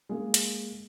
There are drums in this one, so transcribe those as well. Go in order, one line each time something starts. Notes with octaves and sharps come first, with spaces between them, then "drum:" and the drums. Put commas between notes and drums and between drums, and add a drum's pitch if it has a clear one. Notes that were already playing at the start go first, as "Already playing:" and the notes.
G#3 A#3
drum: hi-hat